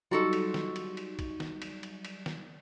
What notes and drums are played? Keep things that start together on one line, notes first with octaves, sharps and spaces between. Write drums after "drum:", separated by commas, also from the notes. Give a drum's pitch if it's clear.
F#3 G3 D#4 F4 F#4 A4
drum: cymbal
drum: snare
drum: cymbal
drum: cymbal
drum: kick, cymbal
drum: snare
drum: cymbal
drum: cymbal
drum: cymbal
drum: snare